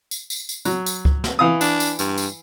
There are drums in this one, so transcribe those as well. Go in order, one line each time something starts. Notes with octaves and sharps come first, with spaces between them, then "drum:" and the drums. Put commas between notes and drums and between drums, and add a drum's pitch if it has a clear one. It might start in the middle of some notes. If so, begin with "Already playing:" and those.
drum: tambourine
drum: tambourine
drum: tambourine
F#3, drum: tambourine
drum: tambourine
drum: kick C#2
drum: snare
E3 F5 D#6
D4, drum: tambourine
drum: tambourine
G2, drum: tambourine
drum: tambourine